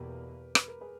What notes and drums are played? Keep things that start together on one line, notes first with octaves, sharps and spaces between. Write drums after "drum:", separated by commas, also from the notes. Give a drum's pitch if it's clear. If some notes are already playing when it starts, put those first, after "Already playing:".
Already playing: E2 B2 A#3 G4 A#4 B4
B4, drum: rim click
A#4
G#4 B4